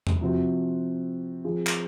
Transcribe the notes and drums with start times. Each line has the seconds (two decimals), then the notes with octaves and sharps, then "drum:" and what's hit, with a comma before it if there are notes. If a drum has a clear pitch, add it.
0.07 drum: tom E2
0.21 C3 F3 C4 F#4
1.44 F3 C4 F4 G#4
1.67 drum: clap